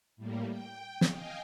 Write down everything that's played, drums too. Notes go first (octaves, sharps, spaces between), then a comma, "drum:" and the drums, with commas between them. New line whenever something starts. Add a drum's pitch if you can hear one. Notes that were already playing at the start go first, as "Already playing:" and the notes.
A2 G3 A#3
G5
drum: snare
D#5 F5 G5 G#5